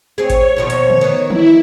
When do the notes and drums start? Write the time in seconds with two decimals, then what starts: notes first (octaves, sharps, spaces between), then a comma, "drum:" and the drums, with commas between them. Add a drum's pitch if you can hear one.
0.18 C4 G#4 C#5
0.30 drum: kick G#1, hi-hat
0.56 D#2 B2 F3
0.70 drum: hi-hat
0.90 drum: tom D3
1.01 D#3 B3
1.30 E4, drum: tom D#3